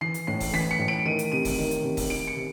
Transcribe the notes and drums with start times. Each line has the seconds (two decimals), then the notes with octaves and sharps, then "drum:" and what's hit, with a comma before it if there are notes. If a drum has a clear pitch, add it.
0.01 E3 C7
0.14 drum: hi-hat
0.27 A2 C7
0.40 drum: kick D#1, open hi-hat
0.53 E3 B6
0.71 C#7
0.79 A2
0.88 D7
1.05 D#3 D#7
1.19 drum: hi-hat
1.32 C3 D#7
1.45 drum: kick D#1, open hi-hat
1.58 D#3
1.71 drum: hi-hat
1.84 C3
1.97 drum: kick D#1, open hi-hat
2.10 D#3 D7
2.27 C#7
2.36 C3